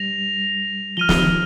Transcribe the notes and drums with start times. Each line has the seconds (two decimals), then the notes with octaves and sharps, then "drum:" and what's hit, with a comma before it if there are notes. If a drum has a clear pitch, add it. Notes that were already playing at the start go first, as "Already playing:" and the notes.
Already playing: G3 A#6 F7
0.97 F3 F6 D#7 G7
1.09 F3, drum: snare
1.18 D#3